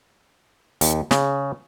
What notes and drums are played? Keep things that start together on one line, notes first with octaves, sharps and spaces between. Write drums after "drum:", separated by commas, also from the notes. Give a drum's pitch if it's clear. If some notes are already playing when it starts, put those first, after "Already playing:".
D#2, drum: hi-hat
C#3, drum: snare